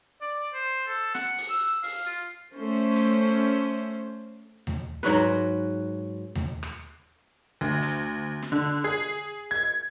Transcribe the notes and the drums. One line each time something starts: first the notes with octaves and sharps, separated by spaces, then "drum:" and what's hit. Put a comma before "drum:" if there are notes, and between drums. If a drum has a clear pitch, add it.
D5
C5
A4
F#5, drum: snare
drum: open hi-hat
E6
F5, drum: open hi-hat
F4
A3 C#4 C5
drum: hi-hat
drum: tom D#2
G#2 F#3 F#4 B4, drum: snare
drum: tom D#2
drum: rim click
D2
drum: hi-hat
drum: snare
D3
G#4
G#6